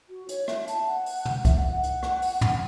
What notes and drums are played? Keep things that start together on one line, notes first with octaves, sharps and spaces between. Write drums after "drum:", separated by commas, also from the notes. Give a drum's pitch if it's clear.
F#4
C#5, drum: hi-hat
E5, drum: rim click
A5, drum: hi-hat
F#5
drum: open hi-hat
drum: tom
E5, drum: kick, hi-hat
F#5
F#5
drum: hi-hat
drum: rim click
drum: open hi-hat
drum: tom